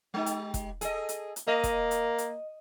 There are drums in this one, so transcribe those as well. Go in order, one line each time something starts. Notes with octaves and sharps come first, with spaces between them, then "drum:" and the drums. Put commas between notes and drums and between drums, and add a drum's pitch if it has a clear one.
G#3 D#4 G4
drum: hi-hat
drum: kick, hi-hat
G#4 A4 D#5, drum: hi-hat
drum: hi-hat
drum: hi-hat
A#3 D#5
drum: kick, hi-hat
drum: hi-hat
drum: hi-hat